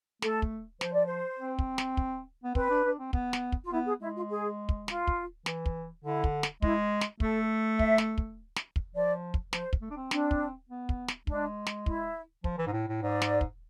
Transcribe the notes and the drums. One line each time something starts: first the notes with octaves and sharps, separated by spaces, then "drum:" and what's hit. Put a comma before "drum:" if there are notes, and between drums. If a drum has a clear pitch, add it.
A3 A4, drum: snare
drum: kick
F3 C5, drum: snare
D5
C5
C4
drum: kick
drum: snare
drum: kick
B3
C4 B4, drum: kick
D4
D4
C4
B3, drum: kick
drum: snare
drum: kick
F4
B3 E4
G#4
G#3 E4
F4
G#4
drum: kick
F4, drum: snare
drum: kick
E3, drum: snare
drum: kick
D3 E4
drum: kick
drum: snare
G#3 E4, drum: kick
drum: snare
A3 A4, drum: kick
E5, drum: kick
drum: snare
drum: kick
drum: snare
drum: kick
F3 D5
drum: kick
F3 C5, drum: snare
drum: kick
A3
D4
C4
C4 D4, drum: snare
drum: kick
B3
drum: kick
drum: snare
G#3 D4, drum: kick
drum: snare
E4, drum: kick
F3, drum: kick
E3
G#2
A2
A2
G#2 D5
drum: snare
drum: kick